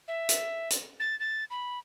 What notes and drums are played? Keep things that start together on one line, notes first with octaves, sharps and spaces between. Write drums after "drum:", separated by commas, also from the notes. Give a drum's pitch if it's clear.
E5
drum: hi-hat
drum: hi-hat
A6
A6
B5